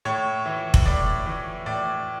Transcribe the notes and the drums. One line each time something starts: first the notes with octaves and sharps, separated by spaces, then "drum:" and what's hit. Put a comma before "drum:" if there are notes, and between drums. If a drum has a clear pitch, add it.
A2 C#5
E3
drum: kick F1
A2 D5
E3
A2 D5